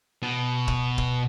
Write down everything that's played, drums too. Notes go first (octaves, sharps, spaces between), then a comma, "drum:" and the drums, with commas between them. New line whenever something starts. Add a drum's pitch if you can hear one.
B2
drum: kick
drum: kick